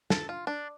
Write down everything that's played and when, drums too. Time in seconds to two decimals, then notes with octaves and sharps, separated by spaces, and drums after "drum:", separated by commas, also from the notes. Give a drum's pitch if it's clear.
0.10 A4, drum: snare
0.29 F4
0.47 D4